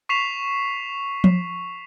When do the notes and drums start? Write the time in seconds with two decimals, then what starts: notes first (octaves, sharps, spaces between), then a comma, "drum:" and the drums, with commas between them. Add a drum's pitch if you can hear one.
0.09 C#6 B6 C7 E7 F7
1.24 drum: tom F3